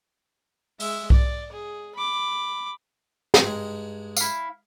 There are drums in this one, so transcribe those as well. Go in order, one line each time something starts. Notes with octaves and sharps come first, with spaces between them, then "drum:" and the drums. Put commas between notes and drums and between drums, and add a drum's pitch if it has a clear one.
G#3 E5, drum: open hi-hat
D5, drum: kick B1
G#4
B5 D6
drum: snare
G2 G#3 D#4
E4 F5, drum: tambourine